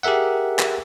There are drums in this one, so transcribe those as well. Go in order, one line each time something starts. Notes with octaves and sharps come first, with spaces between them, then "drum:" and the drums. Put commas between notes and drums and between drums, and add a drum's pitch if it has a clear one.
G4 G#4 A#4 E5 F#5
drum: clap